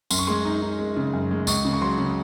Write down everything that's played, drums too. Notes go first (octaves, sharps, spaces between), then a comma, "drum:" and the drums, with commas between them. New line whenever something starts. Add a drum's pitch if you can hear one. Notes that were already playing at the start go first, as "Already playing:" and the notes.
F#2 C6, drum: tambourine
C#6
G#3 C6
D#4
D#4
G#3
C#3
F#2
G#3
C#2 C#6, drum: tambourine
C#3
C#6
F#3 C6
C#3